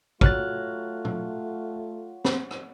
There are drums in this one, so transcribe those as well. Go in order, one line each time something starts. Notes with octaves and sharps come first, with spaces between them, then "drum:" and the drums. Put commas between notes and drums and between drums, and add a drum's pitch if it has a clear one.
F#3 A3 F4 F6 F#6 A6, drum: kick
drum: tom
drum: snare
drum: rim click